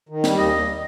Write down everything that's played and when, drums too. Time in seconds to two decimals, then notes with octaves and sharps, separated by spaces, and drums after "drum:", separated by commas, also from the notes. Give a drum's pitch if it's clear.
0.09 D#3
0.24 G3, drum: snare
0.37 D#2 D#5
0.53 D#2